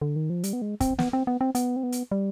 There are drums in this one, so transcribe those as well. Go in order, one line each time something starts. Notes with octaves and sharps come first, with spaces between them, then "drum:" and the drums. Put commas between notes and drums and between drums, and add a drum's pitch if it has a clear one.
D3
D#3
F3
G3, drum: hi-hat
B3
G#3
C4, drum: kick, hi-hat
B3, drum: snare
C4
B3
C4
B3, drum: hi-hat
C4
B3
drum: hi-hat
G3